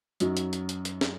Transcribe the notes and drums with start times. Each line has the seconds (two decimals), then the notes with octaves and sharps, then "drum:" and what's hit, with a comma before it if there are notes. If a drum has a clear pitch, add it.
0.20 F#2 F#3 D#4, drum: hi-hat
0.37 drum: hi-hat
0.53 drum: hi-hat
0.69 drum: hi-hat
0.85 drum: hi-hat
1.01 drum: snare